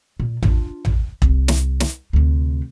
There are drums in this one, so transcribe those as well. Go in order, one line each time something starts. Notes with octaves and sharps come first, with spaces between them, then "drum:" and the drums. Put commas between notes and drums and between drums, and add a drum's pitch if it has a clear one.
A#2
D4 F4, drum: tom A1
drum: tom A1
C2, drum: kick E1
drum: snare
drum: snare
D2 C3